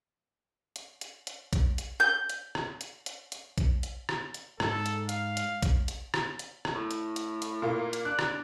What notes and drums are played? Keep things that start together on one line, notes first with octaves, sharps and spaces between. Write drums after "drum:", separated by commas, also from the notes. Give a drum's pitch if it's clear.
drum: hi-hat
drum: hi-hat
drum: hi-hat
drum: kick, hi-hat
drum: hi-hat
G6
drum: hi-hat
drum: rim click
drum: hi-hat
drum: hi-hat
drum: hi-hat
drum: kick, hi-hat
drum: hi-hat
drum: rim click
drum: hi-hat
G#2 A4, drum: rim click
drum: hi-hat
F5, drum: hi-hat
drum: hi-hat
drum: kick, hi-hat
drum: hi-hat
drum: rim click
drum: hi-hat
drum: rim click
A2
drum: hi-hat
drum: hi-hat
drum: hi-hat
A#2 A#3
drum: hi-hat
D4 F#6
drum: rim click